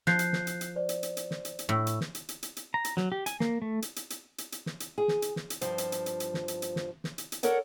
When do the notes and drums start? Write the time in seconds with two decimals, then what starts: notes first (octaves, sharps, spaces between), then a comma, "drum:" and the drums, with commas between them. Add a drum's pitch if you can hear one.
0.07 F3 F#6 G6 C7, drum: snare
0.19 drum: hi-hat
0.33 drum: snare
0.47 drum: hi-hat
0.61 drum: hi-hat
0.76 C5 D5
0.89 drum: hi-hat
1.03 drum: hi-hat
1.17 drum: hi-hat
1.31 drum: snare
1.45 drum: hi-hat
1.59 drum: hi-hat
1.69 A2 C#6 E6
1.87 drum: hi-hat
2.01 drum: snare
2.15 drum: hi-hat
2.29 drum: hi-hat
2.43 drum: hi-hat
2.57 drum: hi-hat
2.74 A#5
2.85 drum: hi-hat
2.97 F#3, drum: snare
3.12 G4
3.26 G#5, drum: hi-hat
3.40 A#3, drum: snare
3.62 A3
3.82 drum: hi-hat
3.96 drum: hi-hat
4.10 drum: hi-hat
4.38 drum: hi-hat
4.52 drum: hi-hat
4.66 drum: snare
4.80 drum: hi-hat
4.98 G#4
5.08 drum: snare
5.22 drum: hi-hat
5.36 drum: snare
5.50 drum: hi-hat
5.61 G2 F3 C5, drum: hi-hat
5.78 drum: hi-hat
5.92 drum: hi-hat
6.06 drum: hi-hat
6.20 drum: hi-hat
6.34 drum: snare
6.48 drum: hi-hat
6.62 drum: hi-hat
6.76 drum: snare
7.04 drum: snare
7.18 drum: hi-hat
7.32 drum: hi-hat
7.43 A4 A#4 C#5 D5 F#5, drum: hi-hat